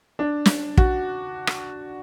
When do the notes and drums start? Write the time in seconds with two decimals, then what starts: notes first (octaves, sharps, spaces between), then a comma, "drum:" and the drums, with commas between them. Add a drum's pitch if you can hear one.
0.19 D4
0.46 drum: snare
0.77 F#4, drum: kick
1.47 drum: rim click